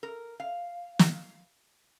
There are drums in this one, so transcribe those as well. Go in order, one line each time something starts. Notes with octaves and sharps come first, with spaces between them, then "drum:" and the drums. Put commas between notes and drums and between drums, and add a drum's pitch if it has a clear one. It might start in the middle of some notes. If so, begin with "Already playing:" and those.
A#4
F5
drum: snare